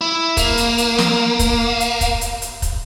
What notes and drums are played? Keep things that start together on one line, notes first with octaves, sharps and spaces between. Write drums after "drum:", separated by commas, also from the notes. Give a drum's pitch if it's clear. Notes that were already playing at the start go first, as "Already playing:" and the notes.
E4
A#3, drum: kick, hi-hat
drum: hi-hat
drum: hi-hat
drum: snare
drum: kick, hi-hat
drum: hi-hat
drum: kick, hi-hat
drum: hi-hat
drum: hi-hat
drum: kick, hi-hat